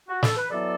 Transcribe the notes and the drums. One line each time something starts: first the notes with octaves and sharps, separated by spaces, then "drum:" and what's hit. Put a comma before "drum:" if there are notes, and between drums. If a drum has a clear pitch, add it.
F#4
A4, drum: snare
B4
B2 F#3 B3 E4 A4 D5